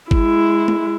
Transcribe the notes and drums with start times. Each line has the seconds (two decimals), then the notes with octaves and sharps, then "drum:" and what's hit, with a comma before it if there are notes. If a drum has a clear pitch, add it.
0.11 G#3 E4, drum: kick G#1
0.68 drum: tom G#3